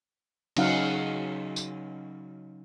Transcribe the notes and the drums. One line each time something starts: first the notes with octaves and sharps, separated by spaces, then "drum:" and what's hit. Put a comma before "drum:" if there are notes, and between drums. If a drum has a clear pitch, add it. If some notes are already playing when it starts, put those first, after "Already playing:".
C#3 F#3 C#4 D#4 F5 F#5, drum: cymbal
drum: tambourine